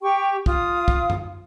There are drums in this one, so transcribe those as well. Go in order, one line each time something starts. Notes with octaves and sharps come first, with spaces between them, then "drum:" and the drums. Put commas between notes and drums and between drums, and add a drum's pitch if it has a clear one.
G4 G5 C#6
F4 F5 D#6, drum: kick
drum: kick
drum: tom F#2